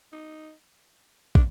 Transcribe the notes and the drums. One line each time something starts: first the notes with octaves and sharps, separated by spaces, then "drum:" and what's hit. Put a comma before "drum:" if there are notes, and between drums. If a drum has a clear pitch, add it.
D#4
D4, drum: kick